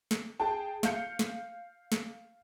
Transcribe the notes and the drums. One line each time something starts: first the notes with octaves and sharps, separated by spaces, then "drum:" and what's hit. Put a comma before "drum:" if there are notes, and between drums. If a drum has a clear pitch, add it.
drum: snare
G#4 G5 A5
F5 G6 C#7, drum: snare
drum: snare
drum: snare